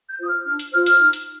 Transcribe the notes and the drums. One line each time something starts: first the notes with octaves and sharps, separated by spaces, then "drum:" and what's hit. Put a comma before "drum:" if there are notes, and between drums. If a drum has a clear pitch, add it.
G6
F4 C5 D#6
F6
D4 F6
drum: hi-hat
F4 C5 F6
F6, drum: hi-hat
D#4
drum: hi-hat